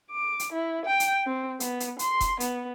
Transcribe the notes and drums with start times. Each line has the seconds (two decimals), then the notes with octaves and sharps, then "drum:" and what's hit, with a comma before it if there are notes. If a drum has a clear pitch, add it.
0.11 D6
0.39 drum: hi-hat
0.52 E4
0.86 G5
1.00 drum: hi-hat
1.26 C4
1.60 B3, drum: hi-hat
1.80 drum: hi-hat
1.99 C6, drum: hi-hat
2.20 drum: kick E1, hi-hat
2.40 B3, drum: hi-hat